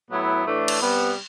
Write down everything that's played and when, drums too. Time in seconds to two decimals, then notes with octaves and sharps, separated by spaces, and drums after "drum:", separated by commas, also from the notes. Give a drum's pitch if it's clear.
0.10 A2 F#3 B3 E4
0.45 A2 E3 A3 D4
0.68 drum: cymbal
0.80 C3 G3 B3